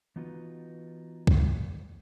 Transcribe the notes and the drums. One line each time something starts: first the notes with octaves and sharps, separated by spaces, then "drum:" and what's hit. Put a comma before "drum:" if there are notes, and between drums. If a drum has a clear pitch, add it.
E3 B3 D#4 F4 F#4 B4
drum: kick